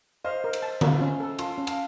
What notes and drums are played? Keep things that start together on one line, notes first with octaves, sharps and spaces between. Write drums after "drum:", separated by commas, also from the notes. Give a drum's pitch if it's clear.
C5 D#5 F5
A#4
drum: cymbal
A5
F4, drum: tom D3
C#4
A4
F4 A5 C6, drum: cymbal
C#4
F5 A5, drum: cymbal